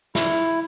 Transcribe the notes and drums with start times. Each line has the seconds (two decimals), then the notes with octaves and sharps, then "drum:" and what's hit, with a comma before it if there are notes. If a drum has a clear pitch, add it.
0.15 E4, drum: snare